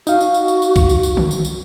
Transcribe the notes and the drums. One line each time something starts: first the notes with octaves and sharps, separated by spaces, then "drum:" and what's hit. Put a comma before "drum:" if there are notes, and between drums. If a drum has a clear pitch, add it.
D#4 F#4 F5, drum: tambourine
drum: tambourine
drum: tambourine
drum: tambourine
drum: tambourine
drum: kick B1, tambourine
drum: tambourine
drum: tambourine
drum: tom D3
drum: tambourine
drum: tambourine